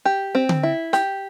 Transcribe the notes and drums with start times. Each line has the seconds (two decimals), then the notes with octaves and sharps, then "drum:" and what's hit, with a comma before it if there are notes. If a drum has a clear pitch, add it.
0.05 G4
0.35 C4
0.49 drum: tom D3
0.63 E4
0.93 G4, drum: snare